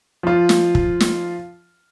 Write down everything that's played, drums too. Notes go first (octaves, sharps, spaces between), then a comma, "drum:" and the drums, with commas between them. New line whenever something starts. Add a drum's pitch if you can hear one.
F3 F4
drum: snare
drum: kick
drum: snare